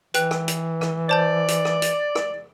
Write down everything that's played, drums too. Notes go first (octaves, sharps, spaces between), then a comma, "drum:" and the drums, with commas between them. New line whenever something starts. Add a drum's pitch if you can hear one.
E3 B4 G5 F#6, drum: hi-hat
drum: rim click
drum: hi-hat
drum: rim click
C5 D5 A5 G6
drum: hi-hat
drum: rim click
drum: hi-hat
drum: rim click